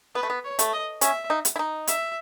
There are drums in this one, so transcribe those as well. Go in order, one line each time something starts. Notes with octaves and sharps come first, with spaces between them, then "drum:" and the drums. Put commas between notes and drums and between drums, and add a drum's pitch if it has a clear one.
B3 B4
A3
B3
C#5
A3, drum: hi-hat
D#5
C#4 E5, drum: hi-hat
D#4
drum: hi-hat
E4
D#4
E5, drum: hi-hat